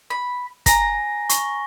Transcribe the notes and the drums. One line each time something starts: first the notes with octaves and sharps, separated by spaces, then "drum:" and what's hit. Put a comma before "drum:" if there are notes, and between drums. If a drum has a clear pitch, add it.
B5
G#5 A#5 A#6, drum: kick, hi-hat
C#6, drum: hi-hat